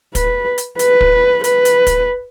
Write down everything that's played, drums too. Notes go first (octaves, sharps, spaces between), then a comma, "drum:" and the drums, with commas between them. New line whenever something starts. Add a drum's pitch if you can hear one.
B4, drum: kick, hi-hat
drum: hi-hat
B4, drum: hi-hat
drum: kick
B4, drum: hi-hat
drum: hi-hat
drum: kick, hi-hat